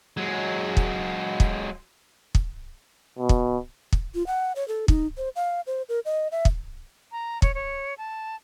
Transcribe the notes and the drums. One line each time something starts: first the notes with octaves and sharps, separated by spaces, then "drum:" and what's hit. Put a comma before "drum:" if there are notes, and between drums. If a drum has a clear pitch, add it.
F#3 G#3
drum: kick
drum: kick
drum: kick
B2
drum: kick
drum: kick
F4
F#5
C#5
A4
D#4, drum: kick
C5
F5
C5
A#4
D#5
E5
drum: kick
A#5
C#5, drum: kick
C#5
A5